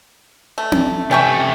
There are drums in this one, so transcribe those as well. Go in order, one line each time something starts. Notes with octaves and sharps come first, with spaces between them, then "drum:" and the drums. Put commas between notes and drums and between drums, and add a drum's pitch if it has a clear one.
A3
drum: tom C4
C3 A3 C#4 G5 C#6